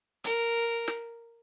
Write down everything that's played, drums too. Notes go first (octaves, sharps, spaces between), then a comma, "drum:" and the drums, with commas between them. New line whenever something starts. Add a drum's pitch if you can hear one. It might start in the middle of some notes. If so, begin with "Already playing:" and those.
A#4, drum: hi-hat
drum: snare